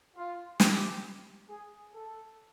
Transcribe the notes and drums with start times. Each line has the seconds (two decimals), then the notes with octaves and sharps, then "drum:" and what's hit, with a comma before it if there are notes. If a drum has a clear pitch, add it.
0.16 F4
0.60 G4, drum: snare
1.49 G#4
1.93 A4